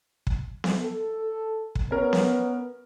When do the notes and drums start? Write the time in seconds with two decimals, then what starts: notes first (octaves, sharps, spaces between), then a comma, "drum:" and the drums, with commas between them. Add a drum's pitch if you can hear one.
0.27 drum: kick
0.64 drum: snare B3
0.82 A4
1.75 drum: kick
1.91 B3 C#4 A#4
2.13 drum: snare B3